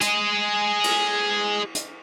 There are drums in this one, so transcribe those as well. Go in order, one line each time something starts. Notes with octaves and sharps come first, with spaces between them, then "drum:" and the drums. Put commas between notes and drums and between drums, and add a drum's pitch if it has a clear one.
G#4 D#5, drum: hi-hat
drum: cymbal
drum: hi-hat